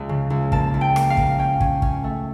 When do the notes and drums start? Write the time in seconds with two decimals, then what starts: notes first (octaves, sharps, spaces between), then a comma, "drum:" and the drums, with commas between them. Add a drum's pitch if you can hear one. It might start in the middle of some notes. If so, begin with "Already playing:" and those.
Already playing: C#2
0.09 C#3
0.30 C#2
0.52 A#3 A5, drum: kick
0.74 C#2
0.81 G5
0.96 A#3, drum: rim click
1.10 F5
1.17 A#3, drum: kick
1.39 C#4 G5
1.61 C#4, drum: kick
1.82 C#4, drum: kick
2.04 A3